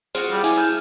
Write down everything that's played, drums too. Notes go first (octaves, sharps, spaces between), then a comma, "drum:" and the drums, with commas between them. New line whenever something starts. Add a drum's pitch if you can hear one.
F4 F#4 G#4 C5 F#5, drum: hi-hat
G3
E4 G#5, drum: hi-hat
A5 F6 G6